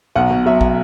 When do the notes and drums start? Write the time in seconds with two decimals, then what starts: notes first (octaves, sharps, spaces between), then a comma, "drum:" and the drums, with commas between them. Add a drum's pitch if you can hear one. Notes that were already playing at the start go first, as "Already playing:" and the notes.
0.16 B1 F#5
0.30 B2
0.46 F#3 E5
0.61 drum: kick